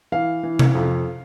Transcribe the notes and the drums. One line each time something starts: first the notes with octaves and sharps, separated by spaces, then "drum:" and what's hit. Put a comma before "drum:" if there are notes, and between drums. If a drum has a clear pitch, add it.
E3 F5
E3
drum: tom C3
F2